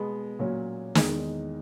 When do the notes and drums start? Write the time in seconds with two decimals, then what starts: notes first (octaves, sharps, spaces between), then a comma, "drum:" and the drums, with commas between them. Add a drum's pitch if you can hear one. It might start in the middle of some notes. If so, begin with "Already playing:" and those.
Already playing: B2 G#3 B3
0.39 A#2 F#3 C#4
0.95 E2 D#3 G#3 D#4, drum: snare